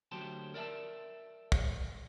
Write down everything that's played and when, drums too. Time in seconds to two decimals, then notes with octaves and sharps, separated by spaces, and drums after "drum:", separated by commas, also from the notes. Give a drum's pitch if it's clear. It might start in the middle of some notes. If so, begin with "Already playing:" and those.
0.11 D2 F#3 G4 C5 A5
0.54 A#4 D5 E5 G5 A5
1.52 drum: kick